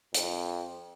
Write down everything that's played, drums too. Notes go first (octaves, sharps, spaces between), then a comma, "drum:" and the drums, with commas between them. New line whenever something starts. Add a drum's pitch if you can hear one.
F2, drum: hi-hat